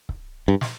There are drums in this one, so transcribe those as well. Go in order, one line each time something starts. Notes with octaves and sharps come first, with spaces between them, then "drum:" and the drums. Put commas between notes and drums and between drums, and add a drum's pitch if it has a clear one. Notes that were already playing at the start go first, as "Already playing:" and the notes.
drum: kick C#1
G2
drum: snare